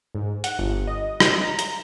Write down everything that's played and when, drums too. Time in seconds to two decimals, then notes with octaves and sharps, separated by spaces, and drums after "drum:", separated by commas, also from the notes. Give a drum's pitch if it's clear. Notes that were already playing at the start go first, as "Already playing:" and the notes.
0.15 G#2
0.44 F#5, drum: hi-hat
0.59 G1
0.87 D#5
1.20 drum: rim click
1.43 A#5
1.59 drum: hi-hat